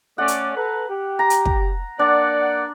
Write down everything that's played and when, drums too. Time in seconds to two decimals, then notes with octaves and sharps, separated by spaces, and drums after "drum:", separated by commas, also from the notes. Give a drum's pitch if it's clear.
0.18 A3 C#4 D5 F#5
0.28 drum: hi-hat
0.56 A4 B4 A#5
0.89 G4
1.19 A#5
1.30 drum: hi-hat
1.45 drum: kick
1.99 A#3 D4 D5 F#5